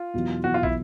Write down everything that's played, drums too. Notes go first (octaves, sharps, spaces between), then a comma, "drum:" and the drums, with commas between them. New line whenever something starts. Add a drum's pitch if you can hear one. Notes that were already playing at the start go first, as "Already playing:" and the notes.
Already playing: F4
E2 B2 F#3
E2 B2 F#3 F#4
F4
E4, drum: kick